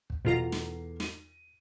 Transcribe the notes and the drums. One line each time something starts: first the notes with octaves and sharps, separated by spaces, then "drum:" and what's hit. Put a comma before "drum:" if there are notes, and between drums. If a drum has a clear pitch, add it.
drum: kick
E2 B2 F4 A4 A#5 C7
drum: snare
D#7, drum: snare